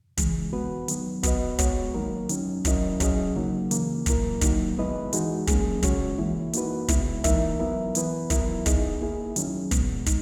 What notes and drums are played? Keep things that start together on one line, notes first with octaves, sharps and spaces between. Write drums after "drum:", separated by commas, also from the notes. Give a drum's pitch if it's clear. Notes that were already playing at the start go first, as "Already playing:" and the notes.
C#3 E3 G#3, drum: kick, hi-hat
B3 F#4 B4
D#3 F#3 B3, drum: hi-hat
B3 F#4 B4 D#5, drum: kick, hi-hat
G#3 B3 F#4 C#5, drum: kick, hi-hat
D#3 F#3 A#3 D#4 A#4
D#3 F#3 C#4, drum: hi-hat
F#3 C#4 E4 A#4 D#5, drum: kick, hi-hat
F#3 C#4 G#4 D#5, drum: kick, hi-hat
C#3 F#3 A#3 D#4
C#3 E3 A#3, drum: hi-hat
A#2 F#3 A#3 E4 A#4, drum: kick, hi-hat
D#3 F#3 A#3 D#4, drum: kick, hi-hat
G#3 B3 E4 B4 D#5
E3 G#3 D#4 F#4, drum: hi-hat
F#3 A#3 C#4 G#4, drum: kick, hi-hat
C#3 G#3 C#4 F#4 C#5, drum: kick, hi-hat
E3 A#3 E4
A#3 D#4 F#4 B4, drum: hi-hat
C#3 G#3 B3 E4, drum: kick, hi-hat
E3 A#3 D#4 A#4 E5, drum: kick, hi-hat
F#3 B3 E4 A#4
E3 B3 E4 B4, drum: hi-hat
D#3 F#3 B3 E4 A#4, drum: kick, hi-hat
B3 D#4 G#4 D#5, drum: kick, hi-hat
A#3 E4 G#4
D#3 F#3 C#4, drum: hi-hat
A#2 G#3 B3, drum: kick, hi-hat
D#4, drum: kick, hi-hat